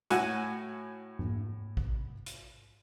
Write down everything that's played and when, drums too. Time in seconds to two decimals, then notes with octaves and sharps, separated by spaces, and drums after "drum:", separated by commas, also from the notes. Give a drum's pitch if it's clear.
0.11 A2 F#4 F#5 G#5, drum: hi-hat
1.19 drum: tom G#2
1.77 drum: kick
2.26 drum: hi-hat